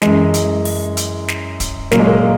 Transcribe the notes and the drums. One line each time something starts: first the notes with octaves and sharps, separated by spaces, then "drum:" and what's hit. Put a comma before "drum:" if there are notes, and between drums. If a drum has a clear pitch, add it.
F#2 E3 G#3, drum: snare
drum: hi-hat
drum: open hi-hat
drum: hi-hat
drum: snare
drum: kick, hi-hat
A#2 F#3 A#3, drum: snare
G#3
A#3